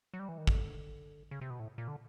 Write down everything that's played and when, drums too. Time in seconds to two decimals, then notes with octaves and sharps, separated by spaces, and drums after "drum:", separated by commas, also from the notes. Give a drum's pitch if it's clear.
0.14 F#3
0.19 G3
0.29 E3
0.38 D#3
0.47 D3, drum: kick
1.31 C#3
1.41 C3
1.50 B2
1.60 A2
1.78 A#2
1.88 D3